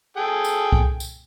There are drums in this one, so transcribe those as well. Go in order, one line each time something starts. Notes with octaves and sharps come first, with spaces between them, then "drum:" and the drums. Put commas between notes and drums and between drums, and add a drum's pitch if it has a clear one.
G#4 A4 G5
drum: tambourine
drum: kick C2
drum: tambourine